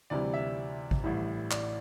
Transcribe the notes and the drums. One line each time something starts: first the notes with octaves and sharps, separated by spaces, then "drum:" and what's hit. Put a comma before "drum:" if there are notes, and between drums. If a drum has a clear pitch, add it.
D2 C3 E3 G3 D5
E5
drum: kick A1
A1 A2 E3 G3
D5, drum: clap